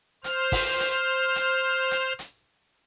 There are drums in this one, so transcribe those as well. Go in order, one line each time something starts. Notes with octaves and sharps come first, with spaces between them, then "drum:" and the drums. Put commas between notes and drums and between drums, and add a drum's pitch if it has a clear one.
C5 F6, drum: hi-hat
drum: kick, open hi-hat
drum: hi-hat
drum: hi-hat
drum: hi-hat
drum: hi-hat